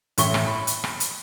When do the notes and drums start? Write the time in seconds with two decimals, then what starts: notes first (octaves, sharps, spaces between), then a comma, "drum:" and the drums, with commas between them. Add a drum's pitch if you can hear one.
0.18 A1 A2 E5 C#6 G7, drum: hi-hat
0.34 drum: rim click
0.46 B5
0.67 drum: hi-hat
0.84 drum: rim click
1.00 drum: hi-hat